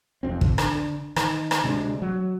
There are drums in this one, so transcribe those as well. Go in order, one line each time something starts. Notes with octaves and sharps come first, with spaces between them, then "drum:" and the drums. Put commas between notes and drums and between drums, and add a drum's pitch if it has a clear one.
F1 F2 C4
drum: kick
D3, drum: rim click
D#3, drum: rim click
drum: rim click
D2 C3 G#3 D4
F#3